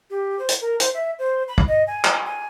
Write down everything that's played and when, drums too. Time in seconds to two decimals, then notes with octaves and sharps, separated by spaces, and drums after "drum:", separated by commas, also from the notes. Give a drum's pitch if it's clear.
0.10 G4
0.39 C5
0.49 drum: hi-hat
0.61 A#4
0.80 C5, drum: hi-hat
0.94 E5
1.19 C5
1.48 B5
1.58 drum: kick
1.67 D#5
1.87 G#5
2.05 drum: clap
2.26 G#5